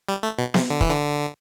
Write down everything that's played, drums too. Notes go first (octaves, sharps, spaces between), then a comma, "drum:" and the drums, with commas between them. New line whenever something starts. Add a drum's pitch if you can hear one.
G3
A3
B2
C3, drum: snare B3
D3
E3, drum: kick
D3